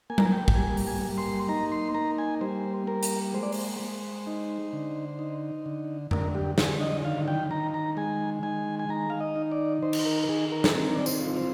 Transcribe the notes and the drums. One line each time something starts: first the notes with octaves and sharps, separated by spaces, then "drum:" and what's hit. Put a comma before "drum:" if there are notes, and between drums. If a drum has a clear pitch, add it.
A#3 G#5
A#5, drum: tom F#3
G#5
G5
G5, drum: kick A1
G3 G#5
drum: open hi-hat
G#5
A#3
C6
D#4 A#5
C6
A#3 A#5
G#5
G3 C5
A#3 A#4
drum: hi-hat
G#3 C5
D5
C5, drum: open hi-hat
G#3
D#4
D3
D#4
D3
D3 A#4, drum: tom F2
G4
D3 G#4, drum: snare
D#5
D#3 F5
G5
D#3 A#5
A#5
G#3 G#5
D#3 G#5
G#5
D#3 A#5
F5
D#5
D#4
D5
D#3 C5
drum: cymbal
A#4
A#4
D#3 G#4
A#4
G#4, drum: snare
C4 A#4
D5
C5, drum: tambourine
F4
C5